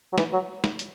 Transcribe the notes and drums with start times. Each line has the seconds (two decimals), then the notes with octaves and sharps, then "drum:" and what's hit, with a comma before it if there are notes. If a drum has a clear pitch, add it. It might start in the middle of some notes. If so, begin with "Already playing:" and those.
0.13 F#3
0.18 E3, drum: snare
0.33 F#3
0.64 drum: snare
0.79 drum: hi-hat